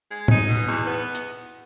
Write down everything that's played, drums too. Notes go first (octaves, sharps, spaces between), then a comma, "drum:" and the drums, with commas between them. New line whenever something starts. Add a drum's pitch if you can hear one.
G#3
D#4, drum: tom
B2
E2
B3
drum: hi-hat